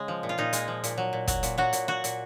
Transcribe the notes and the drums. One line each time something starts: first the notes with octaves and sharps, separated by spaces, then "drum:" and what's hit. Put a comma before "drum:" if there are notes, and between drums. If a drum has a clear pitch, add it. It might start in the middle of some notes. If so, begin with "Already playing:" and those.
Already playing: C#3 G#3
F3
A#2
F4
A#2 D#4
G#3, drum: hi-hat
F3
A#2, drum: hi-hat
F#3
A#2
F#3, drum: kick, hi-hat
A#2, drum: hi-hat
F#3 F#4
A#2, drum: hi-hat
F#3 F#4
A#2, drum: hi-hat